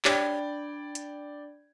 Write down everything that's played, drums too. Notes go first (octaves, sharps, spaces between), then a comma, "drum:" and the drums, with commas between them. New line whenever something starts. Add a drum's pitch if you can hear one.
D4 G4 C#5 D5 G5 B5 G#6, drum: clap
drum: hi-hat